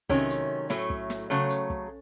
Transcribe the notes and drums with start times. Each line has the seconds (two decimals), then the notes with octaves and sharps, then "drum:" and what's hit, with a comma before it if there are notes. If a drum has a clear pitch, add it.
0.09 C3 D#3 F#3 A3 C#4, drum: kick
0.30 drum: hi-hat
0.70 A2 F#3 A3, drum: snare
0.90 drum: kick
1.10 drum: snare
1.30 C#3 F#3 A3
1.50 drum: hi-hat
1.70 drum: kick